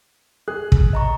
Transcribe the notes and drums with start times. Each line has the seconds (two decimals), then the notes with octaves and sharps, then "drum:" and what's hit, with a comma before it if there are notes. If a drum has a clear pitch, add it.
0.48 G#4 F#6
0.72 drum: kick
0.93 D#5 A#5 C#6